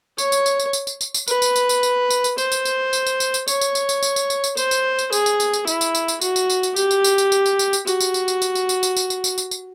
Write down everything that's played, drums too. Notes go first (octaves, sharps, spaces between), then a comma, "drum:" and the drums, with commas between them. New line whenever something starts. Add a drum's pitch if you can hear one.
C#5, drum: tambourine
drum: tambourine
drum: tambourine
drum: tambourine
drum: tambourine
drum: tambourine
drum: tambourine
drum: tambourine
B4, drum: tambourine
drum: tambourine
drum: tambourine
drum: tambourine
drum: tambourine
drum: tambourine
drum: tambourine
C5, drum: tambourine
drum: tambourine
drum: tambourine
drum: tambourine
drum: tambourine
drum: tambourine
drum: tambourine
C#5, drum: tambourine
drum: tambourine
drum: tambourine
drum: tambourine
drum: tambourine
drum: tambourine
drum: tambourine
drum: tambourine
C5, drum: tambourine
drum: tambourine
drum: tambourine
G#4, drum: tambourine
drum: tambourine
drum: tambourine
drum: tambourine
E4, drum: tambourine
drum: tambourine
drum: tambourine
drum: tambourine
F#4, drum: tambourine
drum: tambourine
drum: tambourine
drum: tambourine
G4, drum: tambourine
drum: tambourine
drum: tambourine
drum: tambourine
drum: tambourine
drum: tambourine
drum: tambourine
drum: tambourine
F#4, drum: tambourine
drum: tambourine
drum: tambourine
drum: tambourine
drum: tambourine
drum: tambourine
drum: tambourine
drum: tambourine
drum: tambourine
drum: tambourine
drum: tambourine
drum: tambourine
drum: tambourine